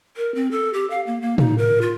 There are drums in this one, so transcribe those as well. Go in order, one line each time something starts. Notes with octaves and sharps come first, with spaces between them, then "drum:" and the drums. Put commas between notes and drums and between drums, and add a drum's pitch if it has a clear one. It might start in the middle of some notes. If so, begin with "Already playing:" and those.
A#4
C4
A4
G4
F5
A#3
A#3
D#4, drum: tom
A#4
F4